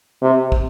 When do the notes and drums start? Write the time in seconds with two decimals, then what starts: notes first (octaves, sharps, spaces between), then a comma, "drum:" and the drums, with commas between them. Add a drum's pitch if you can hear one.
0.22 C3
0.52 drum: kick